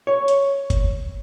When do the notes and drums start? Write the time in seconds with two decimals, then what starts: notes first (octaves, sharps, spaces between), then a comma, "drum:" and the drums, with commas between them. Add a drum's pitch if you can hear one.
0.07 C#5
0.28 drum: hi-hat
0.70 drum: kick, hi-hat